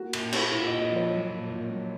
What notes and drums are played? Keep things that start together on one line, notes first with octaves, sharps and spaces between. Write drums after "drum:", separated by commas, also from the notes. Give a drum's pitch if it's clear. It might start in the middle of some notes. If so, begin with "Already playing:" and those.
Already playing: A#3 F#4
A#2, drum: cymbal
A#3, drum: cymbal
A#2 F4
D#5
A#2
D#5
F3
C#5
F#3
A#2
A#2
F#3